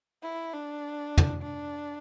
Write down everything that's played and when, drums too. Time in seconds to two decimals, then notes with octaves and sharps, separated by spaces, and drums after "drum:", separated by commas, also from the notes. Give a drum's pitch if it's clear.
0.23 E4
0.52 D4
1.18 drum: tom
1.42 D4